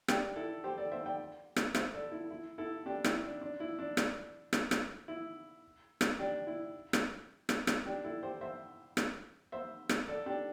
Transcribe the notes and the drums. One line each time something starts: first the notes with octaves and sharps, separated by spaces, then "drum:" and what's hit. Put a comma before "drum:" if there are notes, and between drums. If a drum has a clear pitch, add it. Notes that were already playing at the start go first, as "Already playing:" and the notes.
D4 G4, drum: rim click
E4 A4
G4 C5
A4 D5
C5 E5
D5 G5
drum: rim click
C5 E5, drum: rim click
A4 D5
E4
E4
E4 A4
D4 G4
E4, drum: rim click
D4
D4
E4
D4
drum: rim click
drum: rim click
drum: rim click
E4
drum: rim click
D4 G4
E4
drum: rim click
drum: rim click
drum: rim click
D4 G4
E4 A4
G4 C5
C5 E5
drum: rim click
C5 E5
drum: rim click
A4 D5
D4 G4